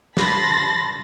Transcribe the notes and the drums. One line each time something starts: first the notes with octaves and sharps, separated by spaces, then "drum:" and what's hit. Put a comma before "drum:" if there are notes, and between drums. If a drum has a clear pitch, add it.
A5 B5 C6 A6 A#6, drum: snare